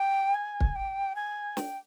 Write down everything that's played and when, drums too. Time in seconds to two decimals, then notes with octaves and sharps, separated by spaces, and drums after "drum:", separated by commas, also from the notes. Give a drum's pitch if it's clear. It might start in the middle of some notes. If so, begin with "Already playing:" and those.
Already playing: G5
0.34 G#5
0.60 drum: kick
0.76 G5
1.16 G#5
1.57 G5, drum: snare